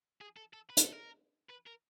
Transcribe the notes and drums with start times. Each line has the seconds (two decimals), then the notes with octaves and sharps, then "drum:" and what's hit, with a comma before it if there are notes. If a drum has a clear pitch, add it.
0.21 G#4
0.37 A4
0.53 A4
0.70 B4
0.77 A#4, drum: hi-hat
0.84 A4
0.92 A#4
1.50 B4
1.67 A#4